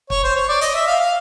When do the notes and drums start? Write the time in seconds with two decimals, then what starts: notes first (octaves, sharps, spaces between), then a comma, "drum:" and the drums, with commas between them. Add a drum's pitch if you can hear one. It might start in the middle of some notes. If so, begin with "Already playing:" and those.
0.10 C#5, drum: kick
0.23 C5
0.36 C#5
0.49 D5
0.61 D#5, drum: hi-hat
0.74 E5
0.87 F5
1.00 F5